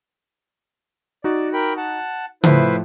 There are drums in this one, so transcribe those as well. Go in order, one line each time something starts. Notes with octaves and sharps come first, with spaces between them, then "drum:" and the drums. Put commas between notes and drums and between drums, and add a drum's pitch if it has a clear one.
D#4 F#4 D5
A#4 G5 B5
F#5 A5
A2 F3 E4 B4 C5, drum: tom C#3